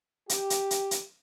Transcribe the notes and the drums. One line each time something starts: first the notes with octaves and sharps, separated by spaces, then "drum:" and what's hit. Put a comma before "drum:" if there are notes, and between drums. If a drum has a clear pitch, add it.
G4, drum: hi-hat
drum: hi-hat
drum: hi-hat
drum: hi-hat